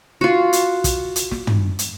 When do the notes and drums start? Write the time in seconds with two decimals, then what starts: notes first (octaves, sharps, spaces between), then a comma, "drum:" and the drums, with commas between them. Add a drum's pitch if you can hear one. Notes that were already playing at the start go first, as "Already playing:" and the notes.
0.21 F4 F#4
0.53 drum: hi-hat
0.84 drum: kick, hi-hat
1.16 drum: hi-hat
1.31 drum: snare
1.47 drum: tom
1.79 drum: hi-hat